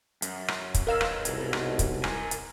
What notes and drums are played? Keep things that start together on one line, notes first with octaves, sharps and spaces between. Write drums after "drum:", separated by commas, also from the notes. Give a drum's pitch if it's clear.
F#2, drum: hi-hat
drum: rim click
drum: kick, hi-hat
A#4 B4 C#5 D#5 F5 E6
drum: rim click
C2 G#2 B2, drum: hi-hat
drum: rim click
drum: kick, hi-hat
A#4 G#5, drum: rim click
drum: hi-hat